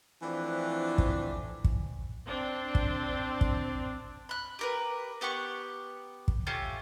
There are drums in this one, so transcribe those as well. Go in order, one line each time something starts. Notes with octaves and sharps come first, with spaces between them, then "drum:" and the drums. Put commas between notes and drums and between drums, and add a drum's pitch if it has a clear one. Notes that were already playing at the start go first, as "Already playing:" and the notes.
E3 F3 A3 C4 D4
drum: kick
drum: kick
C4 D4
drum: kick
drum: kick
B5 F#6
G4 A#4 B4
B3 G4 F#5 C#6
drum: kick
A3 C#4 F4 G4